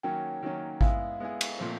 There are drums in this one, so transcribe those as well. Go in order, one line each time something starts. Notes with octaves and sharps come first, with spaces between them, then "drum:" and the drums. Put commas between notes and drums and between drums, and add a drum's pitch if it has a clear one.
D#3 F#3 A#3 C#4 G5
D#3 F#3 A#3 C#4
G#3 B3 E4 G#4 F5, drum: kick G#1
G#3 B3 E4 G#4
drum: cymbal
A#2 F3 A3 C4